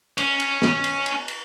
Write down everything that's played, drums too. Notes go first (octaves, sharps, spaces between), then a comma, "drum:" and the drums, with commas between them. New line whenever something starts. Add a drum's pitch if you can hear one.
C#4, drum: cymbal
drum: cymbal
drum: snare
drum: cymbal
drum: cymbal
drum: cymbal